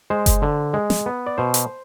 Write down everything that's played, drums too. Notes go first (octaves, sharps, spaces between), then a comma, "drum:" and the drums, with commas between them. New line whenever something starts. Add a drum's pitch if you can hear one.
G#3 C5
drum: kick F#1, hi-hat
D3
G#3
drum: snare
B3
D5
B2 C5
drum: hi-hat